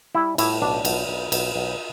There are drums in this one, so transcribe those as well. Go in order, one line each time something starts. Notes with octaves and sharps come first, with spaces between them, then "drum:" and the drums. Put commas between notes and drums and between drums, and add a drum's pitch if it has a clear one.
G3 E4
A2 E4, drum: cymbal
B1 D4
B1, drum: cymbal
B1
B1, drum: cymbal
B1